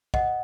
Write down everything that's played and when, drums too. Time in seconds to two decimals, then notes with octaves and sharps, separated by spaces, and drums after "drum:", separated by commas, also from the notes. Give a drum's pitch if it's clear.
0.14 D#5 F#5, drum: kick A#1